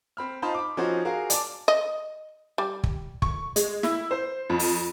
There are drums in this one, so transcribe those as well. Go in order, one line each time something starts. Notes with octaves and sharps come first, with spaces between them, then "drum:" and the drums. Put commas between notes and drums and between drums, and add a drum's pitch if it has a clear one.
C4 B5 F6
D#4 F4 C5 A5 B5 C6
B5 D6
F3 C#4 D#4 F#4 C5
F#4 G#4 A#4 F5
D5 A5 D6, drum: hi-hat
D#5
G3
drum: kick
C#6, drum: kick
G#3, drum: hi-hat
E4, drum: snare
C5
F2
drum: open hi-hat